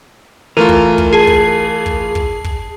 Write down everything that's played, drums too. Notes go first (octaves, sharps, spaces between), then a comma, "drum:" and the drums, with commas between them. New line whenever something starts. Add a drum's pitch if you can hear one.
E3 A3 F4 A#4 D#7
drum: kick
drum: kick
G#4 A5 C7
drum: kick
drum: kick
drum: kick
drum: kick